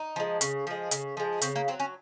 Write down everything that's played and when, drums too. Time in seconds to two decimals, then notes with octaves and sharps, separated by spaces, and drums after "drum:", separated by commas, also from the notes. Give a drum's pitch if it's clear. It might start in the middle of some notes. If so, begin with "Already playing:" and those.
Already playing: D#4
0.16 F3 G#3
0.41 C#3, drum: hi-hat
0.67 F3 G#3
0.91 C#3, drum: hi-hat
1.17 F3 G#3
1.41 C#3 C4, drum: hi-hat
1.56 A#3
1.68 F#3 C4
1.80 C#4